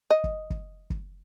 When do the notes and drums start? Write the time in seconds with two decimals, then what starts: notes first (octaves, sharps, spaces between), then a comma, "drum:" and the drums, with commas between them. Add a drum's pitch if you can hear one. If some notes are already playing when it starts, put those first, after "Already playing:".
0.10 D#5
0.24 drum: kick
0.50 drum: kick
0.90 drum: kick